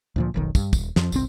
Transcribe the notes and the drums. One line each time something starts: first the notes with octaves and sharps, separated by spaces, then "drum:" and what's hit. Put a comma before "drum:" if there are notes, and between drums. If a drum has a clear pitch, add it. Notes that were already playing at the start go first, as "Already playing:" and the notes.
D2 A#2 F3
F1 B1 D#3
G2, drum: kick, tambourine
D#1, drum: kick, tambourine
F2 F3, drum: snare
G1 C2 C4, drum: tambourine